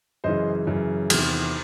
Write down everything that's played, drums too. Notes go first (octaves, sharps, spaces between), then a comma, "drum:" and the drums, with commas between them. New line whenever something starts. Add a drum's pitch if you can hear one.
F#2 C#3 E3 C5 D#5
F#2 C#3 E3
E2 C3 D#3, drum: cymbal